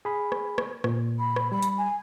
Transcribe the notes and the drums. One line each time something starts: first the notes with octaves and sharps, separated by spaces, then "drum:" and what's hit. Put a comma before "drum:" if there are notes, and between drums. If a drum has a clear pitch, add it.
G#4 B5
drum: rim click
drum: rim click
A#2, drum: rim click
B5
drum: rim click
G3 B5
drum: hi-hat
G#5